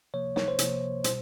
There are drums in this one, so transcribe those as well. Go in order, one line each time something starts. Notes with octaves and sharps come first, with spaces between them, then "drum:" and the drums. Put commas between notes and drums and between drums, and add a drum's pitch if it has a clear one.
C3 F3 A#3 C#5
C#5, drum: snare
C5
C3 F3 A#3, drum: hi-hat
B2 G3 C5, drum: hi-hat